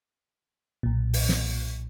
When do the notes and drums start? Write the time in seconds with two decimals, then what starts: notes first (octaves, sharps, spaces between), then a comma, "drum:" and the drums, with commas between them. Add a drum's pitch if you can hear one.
0.83 B1 A#2
1.13 drum: open hi-hat
1.29 drum: snare